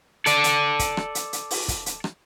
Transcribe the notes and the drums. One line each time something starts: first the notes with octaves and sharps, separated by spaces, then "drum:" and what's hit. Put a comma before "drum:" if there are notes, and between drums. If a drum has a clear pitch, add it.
A4 D5, drum: hi-hat
drum: hi-hat
drum: kick, hi-hat
drum: rim click
drum: hi-hat
drum: hi-hat
drum: open hi-hat
drum: kick, hi-hat
drum: hi-hat
drum: rim click